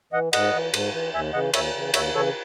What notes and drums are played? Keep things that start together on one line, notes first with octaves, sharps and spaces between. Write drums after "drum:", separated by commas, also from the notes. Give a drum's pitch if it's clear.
E3 D#5 F#5
G#2 D#5 F#5, drum: cymbal
E3
G#2, drum: cymbal
E3
D#2 E5 G#5
C#3 E3 D#5 F#5
D#2 C#5 E5, drum: cymbal
C#3 E3
D#2 C#5 E5, drum: cymbal
C#3 E3 A4 C#5